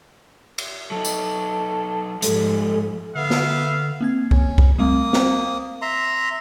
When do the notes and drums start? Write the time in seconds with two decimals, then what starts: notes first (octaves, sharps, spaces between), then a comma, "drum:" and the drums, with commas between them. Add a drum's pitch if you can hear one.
0.58 drum: cymbal
0.91 F#3 D#4 A4
1.05 drum: tambourine
2.22 G#2 F3 G3 G#3 A4, drum: hi-hat
3.15 D3 B3 E5 F5
3.30 drum: snare
4.01 A#3 C4 G#6
4.31 C#4, drum: kick C2
4.58 drum: kick C2
4.79 G3 A3 A#3 C4 D#6
5.13 C4 C5 G5, drum: snare
5.82 E5 A#5 C6